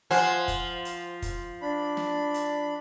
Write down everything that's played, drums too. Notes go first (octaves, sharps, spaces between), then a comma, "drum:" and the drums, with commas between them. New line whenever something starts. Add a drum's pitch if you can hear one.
F3 C5 F#5 G#5, drum: hi-hat
drum: kick, hi-hat
drum: hi-hat
drum: kick, hi-hat
D4 B5
drum: snare
drum: hi-hat